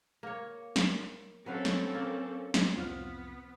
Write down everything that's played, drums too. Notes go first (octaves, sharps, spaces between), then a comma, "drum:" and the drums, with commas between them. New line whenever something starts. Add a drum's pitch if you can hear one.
A#3 C#5
drum: snare
F#3 C4 C#4 A4 B4 F5
drum: snare
A#3
drum: snare
C2 F2 B3 C4 F4 F6